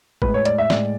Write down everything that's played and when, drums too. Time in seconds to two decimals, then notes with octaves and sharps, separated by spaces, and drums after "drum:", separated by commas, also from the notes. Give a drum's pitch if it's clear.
0.22 A2 G#3 B4, drum: kick
0.34 C#5
0.45 D5, drum: hi-hat
0.58 E5
0.70 A2 G#3 D5, drum: snare